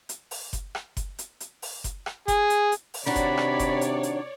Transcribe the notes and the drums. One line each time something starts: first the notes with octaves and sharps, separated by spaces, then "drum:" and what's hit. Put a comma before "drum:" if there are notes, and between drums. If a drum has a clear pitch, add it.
drum: hi-hat
drum: open hi-hat
drum: kick F#1, hi-hat
drum: rim click
drum: kick F#1, hi-hat
drum: hi-hat
drum: hi-hat
drum: open hi-hat
drum: kick F#1, hi-hat
drum: rim click
G#4, drum: kick F#1, hi-hat
drum: hi-hat
drum: hi-hat
drum: open hi-hat
C3 D#3 D4 F#4 C#5 D5 B5
drum: kick F#1, hi-hat
drum: rim click
drum: kick F#1, hi-hat
drum: hi-hat
drum: hi-hat